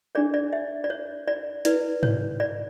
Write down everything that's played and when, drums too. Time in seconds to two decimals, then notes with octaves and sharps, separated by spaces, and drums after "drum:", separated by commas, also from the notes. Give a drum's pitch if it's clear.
0.15 D4 G#4 C#5 D5
0.34 D5
0.53 E5
0.84 D5
0.90 C#5
1.28 D5
1.65 E4 B4 D5, drum: hi-hat
2.03 C#5, drum: tom G#2
2.40 D5